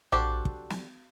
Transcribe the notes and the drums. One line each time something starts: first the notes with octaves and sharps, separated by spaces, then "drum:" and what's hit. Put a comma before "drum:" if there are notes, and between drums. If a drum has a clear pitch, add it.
D4 F#4 G4 A4 C5, drum: tom A#1
drum: kick
drum: snare